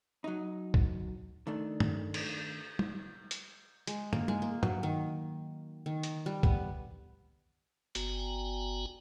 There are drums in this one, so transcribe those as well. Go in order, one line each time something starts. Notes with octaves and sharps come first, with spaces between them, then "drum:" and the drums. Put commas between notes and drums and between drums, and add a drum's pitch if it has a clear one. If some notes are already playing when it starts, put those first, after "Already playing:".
F#3 D#4
drum: kick
D#3 A3 D4
drum: tom
drum: cymbal
drum: tom
drum: hi-hat
G#3, drum: hi-hat
A#3, drum: tom
G#3, drum: tom
A#3
F#3, drum: tom
D#3
D#3
drum: hi-hat
G3
B3, drum: kick
G1 B3 F#4 G5 G#5 A#5, drum: hi-hat